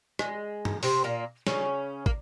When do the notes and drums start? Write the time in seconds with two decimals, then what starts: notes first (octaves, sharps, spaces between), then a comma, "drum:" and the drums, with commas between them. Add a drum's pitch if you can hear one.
0.19 G#3, drum: rim click
0.65 drum: tom
0.83 C3 C4, drum: open hi-hat
1.04 A#2 A#3
1.47 C#3 C#4, drum: snare
2.06 A#3, drum: kick